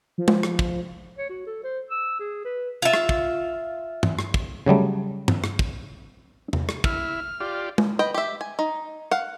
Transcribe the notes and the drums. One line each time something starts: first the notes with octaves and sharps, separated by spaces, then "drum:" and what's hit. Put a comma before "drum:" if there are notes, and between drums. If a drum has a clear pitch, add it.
F3
drum: tom G#3
drum: rim click
drum: kick
C#5
F#4
A4
C5
E6
G#4
B4
F4 E5
drum: rim click
drum: kick
drum: tom G2
drum: rim click
drum: kick
C#3 F#3 G3 A3
drum: tom G2
drum: rim click
drum: kick
drum: tom E2
drum: rim click
E4 E5 F6, drum: kick
F4 G4 D5
drum: tom G#3
B4 D#5 G5
G4 E5
G#5
D#4
F5 F#5